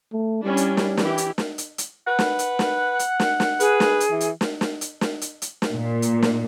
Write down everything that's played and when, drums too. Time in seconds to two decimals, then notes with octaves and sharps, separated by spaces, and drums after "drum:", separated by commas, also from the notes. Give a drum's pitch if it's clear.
0.13 A3
0.44 G3 C#4 D4 E4
0.57 drum: hi-hat
0.77 drum: snare
0.97 E3 E4 G4, drum: snare
1.18 drum: hi-hat
1.38 drum: snare
1.58 drum: hi-hat
1.78 drum: hi-hat
2.07 B4 F#5
2.19 drum: snare
2.39 drum: hi-hat
2.59 drum: snare
2.99 drum: hi-hat
3.20 drum: snare
3.40 drum: snare
3.60 G#4 B4, drum: hi-hat
3.80 drum: snare
4.00 drum: hi-hat
4.11 E3
4.21 drum: hi-hat
4.41 drum: snare
4.61 drum: snare
4.81 drum: hi-hat
5.01 drum: snare
5.21 drum: hi-hat
5.42 drum: hi-hat
5.62 drum: snare
5.73 A#2
6.02 drum: hi-hat
6.22 drum: snare